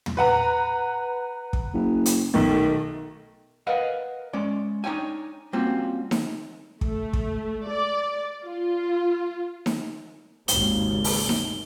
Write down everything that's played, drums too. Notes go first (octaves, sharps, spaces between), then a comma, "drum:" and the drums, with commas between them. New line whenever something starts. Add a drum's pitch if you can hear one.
drum: tom
B4 F#5 A#5
drum: kick
F#1
drum: hi-hat
B1 D#3 A3
A#4 B4 D#5 F5 F#5
G#3 C#4 D5
D4 D#4 C#5 G5 G#5
G3 A#3 C4 C#4 F4 F#4
drum: snare D#4
A3, drum: kick
drum: kick
D5
F4
drum: snare D#4
G#1 D#2 C#3 G7, drum: hi-hat
drum: open hi-hat
drum: snare D#4